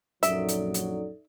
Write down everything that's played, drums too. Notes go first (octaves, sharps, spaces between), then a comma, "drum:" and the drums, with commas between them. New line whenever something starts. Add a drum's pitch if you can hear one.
A#1 F#2 F#3 D#4 A4 D5 E5, drum: hi-hat
drum: hi-hat
drum: hi-hat